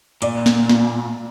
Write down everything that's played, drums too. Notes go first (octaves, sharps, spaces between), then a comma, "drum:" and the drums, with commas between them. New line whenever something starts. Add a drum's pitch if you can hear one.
A#2 D5, drum: hi-hat
drum: snare
drum: snare